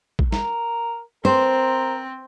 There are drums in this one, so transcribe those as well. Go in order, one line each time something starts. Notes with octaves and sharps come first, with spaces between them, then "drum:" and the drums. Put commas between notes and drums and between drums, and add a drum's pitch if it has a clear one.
drum: kick
A#4, drum: snare
C4 A#4 C5